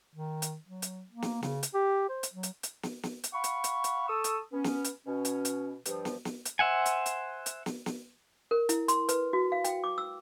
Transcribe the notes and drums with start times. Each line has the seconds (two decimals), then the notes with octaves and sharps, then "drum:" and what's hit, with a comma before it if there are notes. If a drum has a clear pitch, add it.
0.15 D#3
0.42 drum: hi-hat
0.67 F#3
0.82 drum: hi-hat
1.11 A#3
1.22 drum: snare
1.43 C#3, drum: snare
1.63 drum: hi-hat
1.74 G4
2.09 C5
2.23 drum: hi-hat
2.34 F#3
2.43 drum: hi-hat
2.63 drum: hi-hat
2.83 drum: snare
3.03 drum: snare
3.24 drum: hi-hat
3.33 F5 F#5 B5 C#6
3.44 drum: hi-hat
3.64 drum: hi-hat
3.84 drum: hi-hat
4.08 A4 C#6 D#6 E6
4.24 drum: hi-hat
4.52 B3 C#4
4.64 drum: snare
4.84 drum: hi-hat
5.06 B2 C#4
5.25 drum: hi-hat
5.45 drum: hi-hat
5.85 G2 F3, drum: hi-hat
6.05 drum: snare
6.25 drum: snare
6.45 drum: hi-hat
6.59 C5 E5 F#5 G#5
6.86 drum: hi-hat
7.06 drum: hi-hat
7.46 drum: hi-hat
7.66 drum: snare
7.86 drum: snare
8.51 A#4
8.69 E4, drum: hi-hat
8.88 C6, drum: hi-hat
9.09 B4, drum: hi-hat
9.33 F#4
9.52 F5
9.64 G5, drum: hi-hat
9.84 D6
9.98 E6